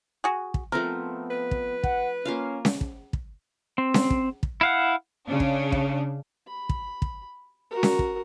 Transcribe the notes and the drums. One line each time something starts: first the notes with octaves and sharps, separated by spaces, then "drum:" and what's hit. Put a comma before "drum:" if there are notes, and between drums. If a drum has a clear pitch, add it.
F#4 G#4
drum: kick
F3 A3 B3 C4 A#4
B4
drum: kick
F#5, drum: kick
A#3 C#4 F4 F5
drum: snare C#4
drum: kick
drum: kick
C4
drum: snare C#4
drum: kick
drum: kick
E4 F5 F#5
C#3 D4
drum: kick
drum: kick
B5
drum: kick
drum: kick
F#4 A#4
drum: snare C#4
drum: kick